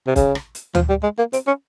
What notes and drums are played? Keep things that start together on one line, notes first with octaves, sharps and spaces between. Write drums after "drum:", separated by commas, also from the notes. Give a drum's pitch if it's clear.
C3
C#3, drum: kick, hi-hat
drum: rim click
drum: hi-hat
F3, drum: tom D2
G3
G#3
A#3
C4, drum: hi-hat
C#4